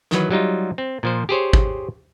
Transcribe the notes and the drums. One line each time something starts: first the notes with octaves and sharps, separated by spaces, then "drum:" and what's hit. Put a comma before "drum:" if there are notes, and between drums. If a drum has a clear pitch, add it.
D#3 E3 F#3 B4, drum: snare
F#3 G3 D#4 F4
C4
A#2 F3 C5
G4 G#4 C5 C#5
drum: kick